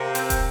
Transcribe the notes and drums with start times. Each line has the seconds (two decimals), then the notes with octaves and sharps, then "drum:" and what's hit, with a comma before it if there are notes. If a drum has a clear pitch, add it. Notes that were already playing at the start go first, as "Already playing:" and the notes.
Already playing: C3 A#4 F5
0.15 C4, drum: hi-hat
0.30 drum: kick, hi-hat